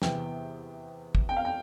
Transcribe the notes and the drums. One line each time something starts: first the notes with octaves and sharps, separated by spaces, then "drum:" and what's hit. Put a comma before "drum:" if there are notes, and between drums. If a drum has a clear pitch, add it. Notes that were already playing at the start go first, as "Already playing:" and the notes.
E2 C3 E3 B3 G5, drum: snare
drum: kick
G5
F5
G5